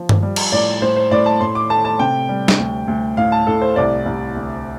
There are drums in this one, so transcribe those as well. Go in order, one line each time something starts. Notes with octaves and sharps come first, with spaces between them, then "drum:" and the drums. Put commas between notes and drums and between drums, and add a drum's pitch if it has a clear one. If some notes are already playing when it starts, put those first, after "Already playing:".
Already playing: F3
drum: tom G2
G3
drum: cymbal
A2 D5
A2 C5
C5
A2 D5
A5
A2 C6
D6
A3 A5
A5
C3 G5
G3
drum: snare
D2
D2
A2 F5
A5
A2 A4
C5
C2 D5
C2
D2